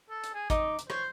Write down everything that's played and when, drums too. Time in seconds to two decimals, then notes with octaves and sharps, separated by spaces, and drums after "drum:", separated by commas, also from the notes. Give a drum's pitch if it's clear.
0.10 A4
0.24 drum: hi-hat
0.34 G#4
0.50 D#4 D6 D#6, drum: kick G#1, hi-hat
0.79 drum: hi-hat
0.90 C5 C#5, drum: rim click